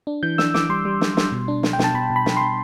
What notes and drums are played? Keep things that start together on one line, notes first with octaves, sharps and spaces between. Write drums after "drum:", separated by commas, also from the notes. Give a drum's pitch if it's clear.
D4
E3 G6
D4 E6, drum: snare
E3 D6, drum: snare
G3 C6
G3
G3, drum: snare
G3, drum: snare
B2
D4
D4, drum: snare
G5
B2 A5, drum: snare
B2 B5
B2
B5
B2, drum: snare
B2 C6